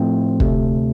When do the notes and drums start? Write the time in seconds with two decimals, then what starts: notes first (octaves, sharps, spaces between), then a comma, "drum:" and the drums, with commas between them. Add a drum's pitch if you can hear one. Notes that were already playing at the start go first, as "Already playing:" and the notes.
Already playing: A2 F3 A3 C4
0.40 D2 C3 A3, drum: kick